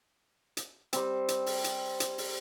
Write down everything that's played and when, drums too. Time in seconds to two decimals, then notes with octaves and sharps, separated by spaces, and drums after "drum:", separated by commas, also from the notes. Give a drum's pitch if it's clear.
0.57 drum: hi-hat
0.93 G3 C4, drum: hi-hat
1.28 drum: hi-hat
1.46 drum: open hi-hat
1.64 drum: hi-hat
2.00 drum: hi-hat
2.18 drum: open hi-hat